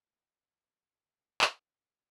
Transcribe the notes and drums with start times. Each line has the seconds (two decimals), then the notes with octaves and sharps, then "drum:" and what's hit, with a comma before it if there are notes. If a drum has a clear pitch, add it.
0.14 E3 A3 B3 C4 A#4
1.41 drum: clap